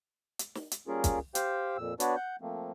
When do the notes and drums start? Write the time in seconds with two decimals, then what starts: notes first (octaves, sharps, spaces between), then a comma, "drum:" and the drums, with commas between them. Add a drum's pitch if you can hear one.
0.39 drum: hi-hat
0.55 drum: snare
0.72 drum: hi-hat
0.88 G3 A#3 C#4 F4 G#4 A#4
1.04 drum: kick, hi-hat
1.35 G4 C5 F5 G5, drum: hi-hat
1.77 F2 A#2 E6
2.00 B3 D4 F#4 B4 C#5 D5, drum: hi-hat
2.16 F#5 G6
2.41 F3 A3 A#3 C4